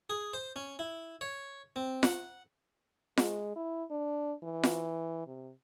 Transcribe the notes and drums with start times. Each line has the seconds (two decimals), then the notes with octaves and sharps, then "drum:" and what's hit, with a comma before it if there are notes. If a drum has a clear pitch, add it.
0.10 G#4
0.33 C5
0.56 C#4
0.79 E4
1.21 C#5
1.76 C4
2.03 F#5, drum: snare F4
3.17 G#3, drum: snare F4
3.56 E4
3.90 D4
4.43 E3
4.63 drum: snare F4
5.27 C3